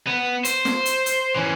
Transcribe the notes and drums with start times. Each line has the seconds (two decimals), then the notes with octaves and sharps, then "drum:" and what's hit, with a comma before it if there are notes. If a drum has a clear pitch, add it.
0.07 B3
0.45 C5, drum: hi-hat
0.65 drum: snare
0.86 drum: hi-hat
1.06 drum: hi-hat
1.35 E3 C#4